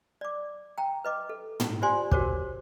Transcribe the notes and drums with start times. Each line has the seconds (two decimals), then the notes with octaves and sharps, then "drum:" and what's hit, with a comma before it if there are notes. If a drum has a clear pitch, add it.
0.21 D5 D6
0.78 G5 A#5
1.05 B4 D#5 D6
1.29 A4
1.60 drum: tom
1.82 F4 G4 C5 D5 G#5 C6
2.11 F#4 G4 A#4 C5 C#5 D6, drum: kick